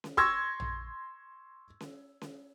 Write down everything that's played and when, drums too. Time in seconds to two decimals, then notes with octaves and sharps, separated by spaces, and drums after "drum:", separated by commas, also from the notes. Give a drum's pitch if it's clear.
0.04 drum: snare C#4
0.17 C6 C#6 E6 G#6 A#6, drum: kick
0.60 drum: tom A#1
1.80 drum: snare C#4
2.21 drum: snare C#4